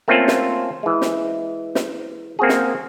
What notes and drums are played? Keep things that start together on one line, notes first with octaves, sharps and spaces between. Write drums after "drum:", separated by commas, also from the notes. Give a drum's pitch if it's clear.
A3 A#3 C4 C#4 F4
drum: snare
E3 G#3
drum: snare
drum: snare
A#3 C4 F#4 G#4
drum: snare